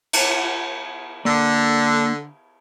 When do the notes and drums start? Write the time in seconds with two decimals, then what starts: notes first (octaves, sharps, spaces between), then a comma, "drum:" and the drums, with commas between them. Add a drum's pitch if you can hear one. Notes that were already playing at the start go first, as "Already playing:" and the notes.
0.13 drum: cymbal
1.25 D3 A#3 D5